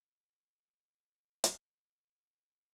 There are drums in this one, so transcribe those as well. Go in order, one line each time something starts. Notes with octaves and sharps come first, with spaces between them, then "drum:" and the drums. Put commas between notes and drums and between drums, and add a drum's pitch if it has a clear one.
G#3 C#4
B1 F2 A3
C4
drum: hi-hat
D2 F3 G3
B4 D5 G5